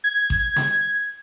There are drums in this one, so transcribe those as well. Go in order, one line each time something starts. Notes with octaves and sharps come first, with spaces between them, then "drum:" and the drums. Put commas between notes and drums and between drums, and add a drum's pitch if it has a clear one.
G#6
drum: kick A1
drum: snare